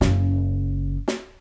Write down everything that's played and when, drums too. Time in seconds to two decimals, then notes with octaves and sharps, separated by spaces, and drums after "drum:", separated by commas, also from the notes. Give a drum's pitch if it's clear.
0.01 F#1 C#3, drum: snare
1.08 drum: snare